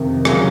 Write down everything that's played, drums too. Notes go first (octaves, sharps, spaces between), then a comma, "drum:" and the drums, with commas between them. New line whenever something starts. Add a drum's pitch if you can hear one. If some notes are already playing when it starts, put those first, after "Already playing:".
Already playing: F2 C3 D#3
C#3 F#3 C#4 G#4, drum: rim click